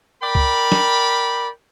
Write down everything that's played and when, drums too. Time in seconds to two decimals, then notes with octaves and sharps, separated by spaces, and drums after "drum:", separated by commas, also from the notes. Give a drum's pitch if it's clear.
0.22 A#4 D5 G5 B5
0.35 drum: kick C#2
0.72 drum: snare